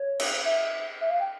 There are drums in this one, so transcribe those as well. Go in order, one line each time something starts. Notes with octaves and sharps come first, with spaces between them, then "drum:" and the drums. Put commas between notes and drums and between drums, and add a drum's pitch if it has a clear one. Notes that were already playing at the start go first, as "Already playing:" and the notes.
Already playing: C#5
drum: cymbal
E5
E5
F5
G5